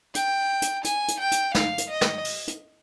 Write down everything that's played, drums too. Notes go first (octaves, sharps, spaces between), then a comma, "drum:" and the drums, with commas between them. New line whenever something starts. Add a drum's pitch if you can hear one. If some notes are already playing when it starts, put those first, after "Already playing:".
G5, drum: hi-hat
drum: hi-hat
G#5, drum: hi-hat
drum: hi-hat
G5
drum: hi-hat
F5, drum: snare
drum: hi-hat
D#5
drum: snare
drum: open hi-hat
drum: hi-hat